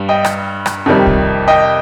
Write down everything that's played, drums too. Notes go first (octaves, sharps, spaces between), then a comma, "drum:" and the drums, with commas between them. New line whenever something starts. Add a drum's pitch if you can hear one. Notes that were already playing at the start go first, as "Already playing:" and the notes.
Already playing: G2 G3
D#5 G5
drum: rim click
drum: rim click
F2 C3 D#3 G3
drum: kick
D#5 G5